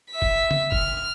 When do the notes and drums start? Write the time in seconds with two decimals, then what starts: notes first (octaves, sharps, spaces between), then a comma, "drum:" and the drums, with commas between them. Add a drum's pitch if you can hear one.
0.12 E5 B6
0.22 drum: kick
0.51 drum: tom C#3
0.72 F6, drum: kick